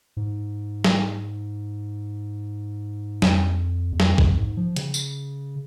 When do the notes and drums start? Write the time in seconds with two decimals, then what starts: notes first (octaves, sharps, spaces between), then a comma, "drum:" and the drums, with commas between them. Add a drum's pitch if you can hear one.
0.17 G#2
0.84 drum: snare
3.22 F2, drum: snare
3.92 E2
4.00 F2, drum: snare
4.18 F2, drum: kick B1
4.38 G#2
4.57 F3
4.76 C#3, drum: hi-hat
4.94 drum: tambourine